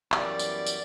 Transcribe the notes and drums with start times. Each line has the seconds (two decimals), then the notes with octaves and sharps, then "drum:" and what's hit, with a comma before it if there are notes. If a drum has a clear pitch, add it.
0.12 F#2 E3 G3 B3 D5, drum: clap
0.39 drum: tambourine
0.66 drum: tambourine